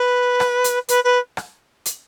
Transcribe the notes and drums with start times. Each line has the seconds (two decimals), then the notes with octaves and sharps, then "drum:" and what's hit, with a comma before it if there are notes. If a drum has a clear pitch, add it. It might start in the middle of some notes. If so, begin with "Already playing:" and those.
Already playing: B4
0.40 drum: rim click
0.64 drum: hi-hat
0.89 B4, drum: hi-hat
1.04 B4
1.37 drum: rim click
1.85 drum: hi-hat